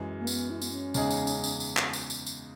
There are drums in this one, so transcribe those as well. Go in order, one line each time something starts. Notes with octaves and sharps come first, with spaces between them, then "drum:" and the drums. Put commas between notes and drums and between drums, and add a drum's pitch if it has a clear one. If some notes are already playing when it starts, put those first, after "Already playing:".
Already playing: F#2 E3 G#3
A#3
B3, drum: tambourine
E4
B3, drum: tambourine
C#4
E2 C#3 G#3 D#4 G#4, drum: tambourine
drum: tambourine
drum: tambourine
drum: tambourine
drum: tambourine
drum: clap
drum: tambourine
drum: tambourine
drum: tambourine